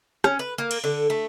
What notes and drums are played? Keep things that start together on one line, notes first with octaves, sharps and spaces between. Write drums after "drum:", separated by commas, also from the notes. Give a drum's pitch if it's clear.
C#4, drum: rim click
B4
A#3
drum: cymbal
D3
A3